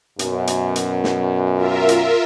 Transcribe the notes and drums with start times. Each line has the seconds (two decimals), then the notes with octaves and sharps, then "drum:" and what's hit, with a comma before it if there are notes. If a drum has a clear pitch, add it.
0.19 F#2 B2, drum: hi-hat
0.47 drum: hi-hat
0.76 drum: hi-hat
1.04 drum: snare
1.54 F4 A#4 E5
1.89 drum: hi-hat